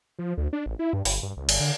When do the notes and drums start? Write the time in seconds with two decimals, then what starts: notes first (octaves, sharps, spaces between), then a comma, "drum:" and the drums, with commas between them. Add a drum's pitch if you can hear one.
0.19 F3
0.38 D2
0.53 D4
0.66 A1
0.79 E4
0.93 G2
1.05 G1, drum: open hi-hat
1.23 G2
1.37 C#2
1.49 G1, drum: cymbal
1.60 D3